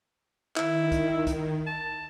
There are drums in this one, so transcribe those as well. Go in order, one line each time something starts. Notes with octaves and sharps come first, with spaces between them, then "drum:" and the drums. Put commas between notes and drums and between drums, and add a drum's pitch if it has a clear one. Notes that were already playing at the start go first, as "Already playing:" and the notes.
D#3 E4, drum: clap
drum: kick, hi-hat
drum: kick, hi-hat
A5